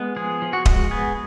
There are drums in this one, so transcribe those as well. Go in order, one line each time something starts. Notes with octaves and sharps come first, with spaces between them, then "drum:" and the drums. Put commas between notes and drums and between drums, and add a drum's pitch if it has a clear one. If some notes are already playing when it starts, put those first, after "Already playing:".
Already playing: G#3 B3
F3 G#4
F3
F#4
G#3, drum: kick D#1
B3 G#4